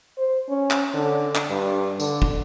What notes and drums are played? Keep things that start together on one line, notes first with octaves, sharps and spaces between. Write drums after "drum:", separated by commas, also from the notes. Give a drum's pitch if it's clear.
C5
C#4
drum: clap
D3
drum: clap
G2
D3, drum: tambourine
drum: kick